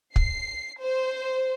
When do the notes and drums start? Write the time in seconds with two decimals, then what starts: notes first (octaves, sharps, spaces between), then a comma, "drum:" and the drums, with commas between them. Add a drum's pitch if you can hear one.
0.16 C7, drum: kick
0.80 C5